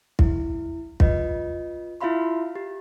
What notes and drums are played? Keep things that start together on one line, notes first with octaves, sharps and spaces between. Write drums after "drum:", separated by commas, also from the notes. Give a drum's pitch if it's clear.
E4, drum: kick
F4 B4 D#5, drum: kick
E4 F4 E5 F5 B5 C6
G4